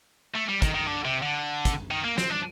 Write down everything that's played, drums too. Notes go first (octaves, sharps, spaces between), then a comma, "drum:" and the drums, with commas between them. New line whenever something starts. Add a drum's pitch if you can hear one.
A3
G3
D#3, drum: kick, hi-hat
D#3
D3
C3
D3
drum: kick, hi-hat
D#3
A#3
C4, drum: snare
D4